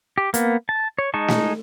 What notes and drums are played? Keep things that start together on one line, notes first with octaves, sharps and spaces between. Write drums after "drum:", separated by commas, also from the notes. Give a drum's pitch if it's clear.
G4
A#3 B3, drum: hi-hat
A5
C#5
G#3 D#4 A5 C#6
drum: snare